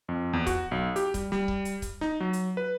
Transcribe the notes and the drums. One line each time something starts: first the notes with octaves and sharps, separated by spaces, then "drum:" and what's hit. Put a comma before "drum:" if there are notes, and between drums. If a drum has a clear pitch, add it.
F2
E2
F#4, drum: kick C#1, hi-hat
B1
G4, drum: hi-hat
G3, drum: kick C#1, hi-hat
G3, drum: snare
drum: kick C#1
drum: hi-hat
drum: kick C#1, hi-hat
D#4, drum: snare
F#3
drum: hi-hat
B4